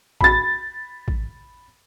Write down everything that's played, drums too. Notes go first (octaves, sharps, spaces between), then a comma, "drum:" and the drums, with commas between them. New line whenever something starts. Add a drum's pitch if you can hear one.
B5 A6, drum: kick A1
drum: kick A1